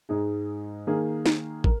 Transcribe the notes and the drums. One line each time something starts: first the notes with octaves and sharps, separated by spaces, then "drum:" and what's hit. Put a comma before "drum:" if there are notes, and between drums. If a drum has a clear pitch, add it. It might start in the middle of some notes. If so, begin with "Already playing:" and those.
G#2 G#3 D#4 G#4
D#3 A#3 G#4
drum: snare
A#4, drum: kick